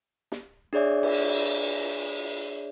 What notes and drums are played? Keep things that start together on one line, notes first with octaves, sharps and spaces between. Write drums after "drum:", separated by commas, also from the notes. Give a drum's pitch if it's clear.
drum: snare
D4 G#4 C#5 D5 E5
drum: cymbal